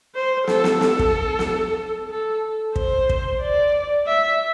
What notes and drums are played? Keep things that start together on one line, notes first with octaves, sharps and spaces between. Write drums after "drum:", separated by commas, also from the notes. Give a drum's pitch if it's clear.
C5
A4, drum: snare
drum: snare
A4, drum: snare
drum: kick
drum: snare
A4
C5, drum: kick
drum: kick
D5
E5